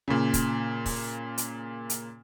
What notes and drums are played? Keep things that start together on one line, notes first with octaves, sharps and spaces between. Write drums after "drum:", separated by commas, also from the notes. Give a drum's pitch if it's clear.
A#2 C#3
drum: kick, hi-hat
drum: kick, open hi-hat
drum: hi-hat
drum: hi-hat